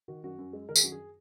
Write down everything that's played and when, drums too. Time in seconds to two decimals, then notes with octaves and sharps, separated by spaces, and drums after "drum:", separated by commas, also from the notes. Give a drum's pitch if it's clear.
0.08 D#3 F#4
0.24 F#2 F#4
0.38 F#2
0.53 G#3
0.69 D#3 A#4
0.76 G#4, drum: tambourine
0.83 F#2 F#4
0.92 G#4